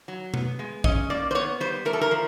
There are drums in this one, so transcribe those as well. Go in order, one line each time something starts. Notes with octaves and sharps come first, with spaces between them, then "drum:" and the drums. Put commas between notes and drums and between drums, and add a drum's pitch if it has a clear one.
F#3
B3, drum: tom B2
G#3
C#4 D#5, drum: kick A#1
A#3 D5
C5
B3 C#5
G3 C5
A3 A#4
A4
A#4
F3